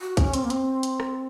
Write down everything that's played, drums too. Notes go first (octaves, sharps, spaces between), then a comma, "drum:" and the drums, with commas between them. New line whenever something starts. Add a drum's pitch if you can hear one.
F#4
C#4, drum: kick B1, hi-hat
C4, drum: hi-hat
A#3
C4, drum: hi-hat
drum: hi-hat
drum: rim click